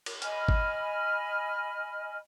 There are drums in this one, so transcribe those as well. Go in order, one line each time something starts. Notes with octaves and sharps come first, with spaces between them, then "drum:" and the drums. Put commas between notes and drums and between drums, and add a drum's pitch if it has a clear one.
drum: cymbal
D#5 G#5 B5 F6, drum: hi-hat
drum: kick G#1